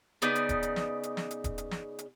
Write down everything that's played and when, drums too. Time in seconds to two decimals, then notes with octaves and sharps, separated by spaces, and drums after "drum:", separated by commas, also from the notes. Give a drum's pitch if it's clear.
0.22 C#3 B3 D#4 D5, drum: hi-hat
0.35 drum: hi-hat
0.49 drum: kick D#1, hi-hat
0.63 drum: hi-hat
0.76 drum: snare
1.03 drum: hi-hat
1.17 drum: snare
1.31 drum: hi-hat
1.44 drum: kick D#1, hi-hat
1.58 drum: hi-hat
1.71 drum: snare
1.99 drum: hi-hat